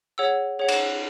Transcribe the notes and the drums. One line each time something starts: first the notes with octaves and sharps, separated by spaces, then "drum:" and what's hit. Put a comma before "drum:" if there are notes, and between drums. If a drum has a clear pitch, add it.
G#4 C#5 F#5 E6
G#4 C#5 F#5
drum: cymbal